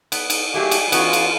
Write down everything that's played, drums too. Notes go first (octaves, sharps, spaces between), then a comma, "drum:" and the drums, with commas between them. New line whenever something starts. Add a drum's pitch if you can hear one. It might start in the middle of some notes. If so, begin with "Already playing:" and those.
B3, drum: cymbal
drum: cymbal
F#3 A3 A#3 G4 G#4
drum: cymbal
E3 B3 C#4 F4 F#4, drum: cymbal
drum: cymbal